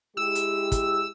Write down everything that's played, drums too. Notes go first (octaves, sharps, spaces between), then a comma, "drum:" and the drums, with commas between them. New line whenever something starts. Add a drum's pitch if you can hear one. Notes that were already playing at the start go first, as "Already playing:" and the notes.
G#3 E4 G4 E6
drum: hi-hat
drum: kick, hi-hat